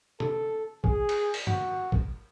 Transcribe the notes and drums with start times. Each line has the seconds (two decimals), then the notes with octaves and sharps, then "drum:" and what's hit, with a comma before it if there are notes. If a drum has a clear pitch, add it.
0.20 A4, drum: tom C3
0.84 G#4, drum: kick
1.09 drum: cymbal
1.34 drum: open hi-hat
1.47 F#4, drum: tom
1.92 drum: kick